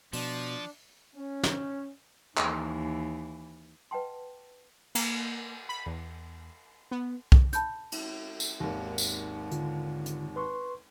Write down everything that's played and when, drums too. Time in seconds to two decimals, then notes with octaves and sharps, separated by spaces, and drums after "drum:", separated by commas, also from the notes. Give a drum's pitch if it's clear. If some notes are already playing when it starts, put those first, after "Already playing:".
0.13 B2 F3 D4, drum: open hi-hat
1.15 C#4
1.44 drum: snare
2.37 D#2 E3, drum: clap
3.91 B4 D#5 F#5 G5 A5 C6
4.95 A#3, drum: cymbal
5.69 B5
5.86 E2
6.91 B3
7.32 drum: kick B1
7.53 A5 B5 G6, drum: hi-hat
7.92 drum: cymbal
8.40 drum: tambourine
8.60 G#1 D#2
8.98 drum: tambourine
9.51 D3 F4, drum: hi-hat
10.06 drum: hi-hat
10.36 B4 C6 C#6